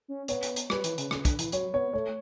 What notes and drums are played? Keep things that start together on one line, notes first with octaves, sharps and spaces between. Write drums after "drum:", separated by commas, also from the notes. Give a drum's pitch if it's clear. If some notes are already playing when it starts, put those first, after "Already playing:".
C#4
B3 C#5, drum: hi-hat
drum: hi-hat
drum: hi-hat
G3 B4, drum: rim click
E3, drum: hi-hat
C#3, drum: hi-hat
C#3, drum: rim click
D3, drum: kick, hi-hat
E3, drum: hi-hat
F#3 C#5, drum: hi-hat
B3 C#5
A3 C#5